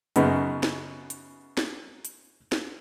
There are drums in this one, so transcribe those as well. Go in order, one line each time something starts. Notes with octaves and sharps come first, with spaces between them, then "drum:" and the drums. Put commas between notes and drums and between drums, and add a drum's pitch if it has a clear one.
F#2 C#3 B3 D#4, drum: hi-hat
drum: snare
drum: hi-hat
drum: snare
drum: hi-hat
drum: snare